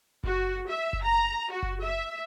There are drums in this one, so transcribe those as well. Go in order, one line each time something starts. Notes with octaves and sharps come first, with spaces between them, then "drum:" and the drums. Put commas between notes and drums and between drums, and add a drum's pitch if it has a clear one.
F#4, drum: kick F#1
E5
drum: kick F#1
A#5
F#4
drum: kick F#1
E5